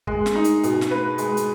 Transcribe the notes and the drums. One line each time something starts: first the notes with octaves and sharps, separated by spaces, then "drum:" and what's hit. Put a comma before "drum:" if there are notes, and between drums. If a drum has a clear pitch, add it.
G#3, drum: kick
drum: snare
D#4
drum: hi-hat
B2, drum: hi-hat
drum: snare
B4
G#3, drum: hi-hat
drum: hi-hat